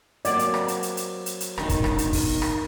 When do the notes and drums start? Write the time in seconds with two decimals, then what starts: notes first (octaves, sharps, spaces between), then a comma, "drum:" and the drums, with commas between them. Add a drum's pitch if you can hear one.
0.25 F#3 A#3 C4 D5, drum: hi-hat
0.39 drum: hi-hat
0.54 drum: rim click
0.68 drum: hi-hat
0.83 drum: hi-hat
0.97 drum: hi-hat
1.26 drum: hi-hat
1.40 drum: hi-hat
1.58 E1 D#4 A#4, drum: rim click
1.69 drum: kick, hi-hat
1.84 drum: rim click
1.98 drum: hi-hat
2.13 drum: kick, open hi-hat
2.42 drum: rim click